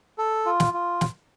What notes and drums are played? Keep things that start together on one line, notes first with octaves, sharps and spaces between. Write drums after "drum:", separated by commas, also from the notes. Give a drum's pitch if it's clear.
A4
F4
drum: snare
F4
drum: snare